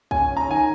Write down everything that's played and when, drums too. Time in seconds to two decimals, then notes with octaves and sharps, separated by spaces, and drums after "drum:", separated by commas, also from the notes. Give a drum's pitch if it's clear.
0.11 C#4 G#5, drum: kick
0.30 C#4
0.37 A#5
0.48 D#3 G#5